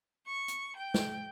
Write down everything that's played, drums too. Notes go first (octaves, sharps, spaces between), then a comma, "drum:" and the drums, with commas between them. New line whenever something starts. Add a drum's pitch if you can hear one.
C#6
drum: hi-hat
G5
drum: snare